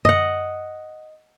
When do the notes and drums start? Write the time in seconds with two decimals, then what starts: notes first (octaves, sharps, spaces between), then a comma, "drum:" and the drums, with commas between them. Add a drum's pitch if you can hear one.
0.05 D#5 F#5, drum: tom F#2